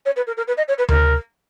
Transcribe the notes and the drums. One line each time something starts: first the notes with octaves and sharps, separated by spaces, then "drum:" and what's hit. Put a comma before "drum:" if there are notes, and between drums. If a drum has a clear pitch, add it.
C#5
B4
A#4
A#4
B4
D#5
C#5
B4
A#4, drum: tom D2